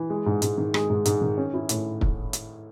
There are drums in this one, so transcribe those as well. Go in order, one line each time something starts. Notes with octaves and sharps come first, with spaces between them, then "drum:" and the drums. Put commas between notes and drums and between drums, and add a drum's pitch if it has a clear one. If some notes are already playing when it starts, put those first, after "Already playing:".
Already playing: E3
G#3
G#2
G#2, drum: hi-hat
D#3
G#3, drum: rim click
G#2
G#2, drum: hi-hat
D#3
C#4
E4
A2, drum: hi-hat
drum: kick
drum: hi-hat